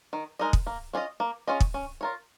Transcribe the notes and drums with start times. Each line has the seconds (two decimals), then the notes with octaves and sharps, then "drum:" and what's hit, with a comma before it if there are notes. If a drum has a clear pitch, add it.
0.13 D#3
0.39 G#3 D#4 A#4 D#5
0.53 drum: kick
0.67 A#3
0.93 C#4 F4 G#4 D#5
1.20 A#3
1.48 C#4 F4 G#4 D#5
1.60 drum: kick
1.74 C#4
2.01 F4 A#4 C#5